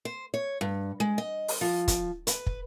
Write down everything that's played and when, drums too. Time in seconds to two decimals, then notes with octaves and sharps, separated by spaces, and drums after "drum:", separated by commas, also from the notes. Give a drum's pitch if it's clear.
0.05 C5
0.34 C#5
0.61 G2
1.00 G#3
1.18 D#5
1.48 drum: open hi-hat
1.61 F3
1.88 drum: kick, hi-hat
2.27 B4, drum: hi-hat
2.46 drum: kick